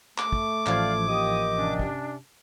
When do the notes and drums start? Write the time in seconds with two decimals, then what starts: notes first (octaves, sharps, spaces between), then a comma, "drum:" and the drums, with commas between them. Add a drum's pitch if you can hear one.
0.18 A3 D6, drum: clap
0.32 drum: kick
0.66 A1 F3 C5 D5 F5 G#6, drum: clap
1.08 A#3 G4 D#5 D#6
1.58 C3 C#4 D4
1.79 drum: kick